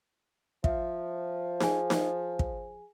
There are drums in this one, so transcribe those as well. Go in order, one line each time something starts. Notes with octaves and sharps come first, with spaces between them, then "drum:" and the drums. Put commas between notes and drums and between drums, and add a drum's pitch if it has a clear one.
F3 E5, drum: kick
G#4 G#5, drum: snare D#4
drum: snare D#4
drum: kick